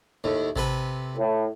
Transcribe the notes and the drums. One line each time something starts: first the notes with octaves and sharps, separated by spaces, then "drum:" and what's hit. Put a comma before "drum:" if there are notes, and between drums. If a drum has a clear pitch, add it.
D#2 A2
C3 A4 B4, drum: kick A1
A2